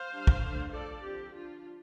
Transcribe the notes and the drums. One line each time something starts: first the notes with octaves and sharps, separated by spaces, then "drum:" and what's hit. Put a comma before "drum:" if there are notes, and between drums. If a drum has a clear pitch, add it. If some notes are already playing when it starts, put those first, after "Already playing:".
Already playing: C5 F5
G3 D4
drum: kick
D3 A3 D4
F3 D4 A4 D5
D3 F3 C4 G4
F3 D4 F4